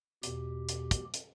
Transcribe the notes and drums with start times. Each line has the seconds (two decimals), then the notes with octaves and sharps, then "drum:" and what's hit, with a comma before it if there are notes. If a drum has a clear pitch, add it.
0.23 E2 B2 G4, drum: hi-hat
0.69 drum: hi-hat
0.91 drum: kick, hi-hat
1.14 drum: hi-hat